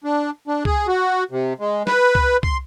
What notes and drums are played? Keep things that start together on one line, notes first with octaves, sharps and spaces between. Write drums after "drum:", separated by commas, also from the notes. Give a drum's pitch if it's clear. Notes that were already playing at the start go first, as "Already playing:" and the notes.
D4
D4
G#4, drum: kick
F#4
C3
G#3
B4, drum: snare
drum: kick
C6, drum: kick